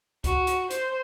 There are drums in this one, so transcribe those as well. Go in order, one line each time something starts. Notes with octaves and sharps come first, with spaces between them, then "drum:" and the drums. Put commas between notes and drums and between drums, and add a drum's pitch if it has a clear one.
F#4, drum: kick C#2, hi-hat
drum: hi-hat
C5, drum: hi-hat